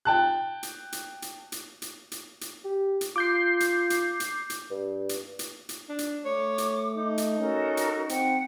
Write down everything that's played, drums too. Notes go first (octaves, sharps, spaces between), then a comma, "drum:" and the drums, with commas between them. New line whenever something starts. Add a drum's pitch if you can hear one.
G5 A5 F#6
drum: hi-hat
drum: hi-hat
drum: hi-hat
drum: hi-hat
drum: hi-hat
drum: hi-hat
drum: hi-hat
G4
drum: hi-hat
F4 D6 G6 C7
drum: hi-hat
drum: hi-hat
drum: hi-hat
drum: hi-hat
G2
drum: hi-hat
drum: hi-hat
drum: hi-hat
D4
drum: hi-hat
A3 C#5 D6
drum: hi-hat
D#4
drum: hi-hat
C#4 F#4 A4 A#4
drum: hi-hat
C4 F#5 G5, drum: hi-hat